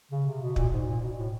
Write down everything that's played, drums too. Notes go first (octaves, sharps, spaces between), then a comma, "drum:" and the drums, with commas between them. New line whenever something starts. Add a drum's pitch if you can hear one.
C#3
C3
B2
A#2, drum: kick
G#2
A#2
B2
A2